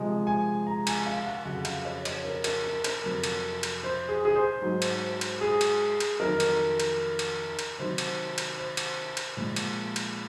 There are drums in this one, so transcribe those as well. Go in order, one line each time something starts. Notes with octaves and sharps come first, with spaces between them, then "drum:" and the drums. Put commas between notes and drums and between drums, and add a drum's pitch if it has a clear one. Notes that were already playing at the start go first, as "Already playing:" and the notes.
Already playing: C3 F3 G#3
G#5
A#5
G#5, drum: cymbal
F5
F#5
F2 C#3 F#3 F#5
F5, drum: cymbal
C#5
C#5, drum: cymbal
A#4
A#4, drum: cymbal
A#4
A#4, drum: cymbal
F2 C3 F#3
drum: cymbal
drum: cymbal
C5
G#4
G#4
C5
G#2 F#3
drum: cymbal
drum: cymbal
G#4
drum: cymbal
drum: cymbal
F2 D#3 F#3 A#4
drum: cymbal
drum: cymbal
drum: cymbal
drum: cymbal
C3 D#3 F#3 C5
drum: cymbal
drum: cymbal
C5
drum: cymbal
drum: cymbal
A#2 F3 G#3
drum: cymbal
drum: cymbal